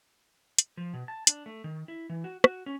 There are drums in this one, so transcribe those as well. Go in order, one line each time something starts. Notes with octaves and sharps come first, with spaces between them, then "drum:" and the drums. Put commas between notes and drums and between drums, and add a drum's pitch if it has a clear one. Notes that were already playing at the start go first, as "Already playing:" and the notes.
drum: hi-hat
F3
B2
A5
D4, drum: hi-hat
A3
D#3
E4
E3
F#4
F#4, drum: rim click
C#4